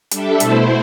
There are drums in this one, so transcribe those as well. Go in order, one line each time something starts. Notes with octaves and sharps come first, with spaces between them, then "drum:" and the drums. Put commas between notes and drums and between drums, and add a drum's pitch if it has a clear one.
G3 D4 A4 E5, drum: hi-hat
B2 A3 E4 A4 C5, drum: hi-hat